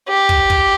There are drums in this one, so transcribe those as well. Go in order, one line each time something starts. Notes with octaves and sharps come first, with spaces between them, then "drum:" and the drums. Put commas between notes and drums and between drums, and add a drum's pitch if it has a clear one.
G4
drum: kick
drum: kick